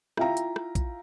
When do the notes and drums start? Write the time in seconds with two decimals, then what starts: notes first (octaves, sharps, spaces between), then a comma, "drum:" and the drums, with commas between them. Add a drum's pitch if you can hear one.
0.17 E4 F4 E5 F5 G5 A#5, drum: rim click
0.37 drum: hi-hat
0.56 drum: rim click
0.75 drum: kick, hi-hat